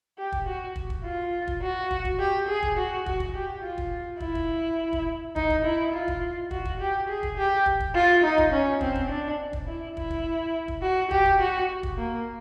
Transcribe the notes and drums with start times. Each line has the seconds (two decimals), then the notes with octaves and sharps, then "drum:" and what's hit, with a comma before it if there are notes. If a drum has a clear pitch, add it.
0.18 G4
0.32 drum: kick
0.47 F#4
0.76 drum: kick
0.90 drum: kick
1.04 F4
1.47 drum: kick
1.62 F#4
1.91 drum: kick
2.05 drum: kick
2.19 G4
2.48 G#4
2.63 drum: kick
2.78 F#4
3.06 F#4, drum: kick
3.20 drum: kick
3.35 G4
3.63 F4
3.78 drum: kick
4.20 E4, drum: kick
4.35 drum: kick
4.93 drum: kick
5.36 D#4, drum: kick
5.50 drum: kick
5.65 E4
5.94 F4
6.08 drum: kick
6.51 F#4, drum: kick
6.65 drum: kick
6.80 G4
7.09 G#4
7.23 drum: kick
7.37 G4
7.66 drum: kick
7.80 drum: kick
7.95 F4
8.24 D#4
8.38 drum: kick
8.52 C#4
8.81 C4, drum: kick
8.95 drum: kick
9.09 D4
9.53 drum: kick
9.67 E4
9.97 E4, drum: kick
10.11 drum: kick
10.68 drum: kick
10.82 F#4
11.11 G4, drum: kick
11.26 drum: kick
11.40 F#4
11.83 drum: kick
11.98 A#3